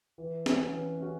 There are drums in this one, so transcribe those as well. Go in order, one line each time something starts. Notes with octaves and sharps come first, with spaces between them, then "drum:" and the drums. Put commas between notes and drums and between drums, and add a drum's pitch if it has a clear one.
E3
C#4 F#4, drum: snare
E3
C#4 F#4